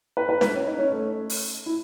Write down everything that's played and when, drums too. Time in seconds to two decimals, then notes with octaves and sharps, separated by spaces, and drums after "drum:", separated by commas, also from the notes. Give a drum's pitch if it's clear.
0.17 B4
0.29 B4
0.41 B4, drum: snare
0.54 C#4
0.67 D#4
0.79 C#4
0.92 A3
1.30 drum: open hi-hat
1.66 E4